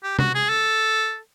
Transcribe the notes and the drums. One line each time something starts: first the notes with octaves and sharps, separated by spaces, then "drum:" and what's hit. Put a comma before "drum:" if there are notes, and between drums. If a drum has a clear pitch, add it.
G4
F#4, drum: tom C3
G#4
A4